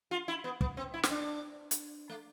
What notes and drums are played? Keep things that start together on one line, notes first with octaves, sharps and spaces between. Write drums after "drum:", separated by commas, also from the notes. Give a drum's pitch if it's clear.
F4
E4
B3
B3, drum: kick
C4
E4
C4, drum: snare
D4
drum: hi-hat
A3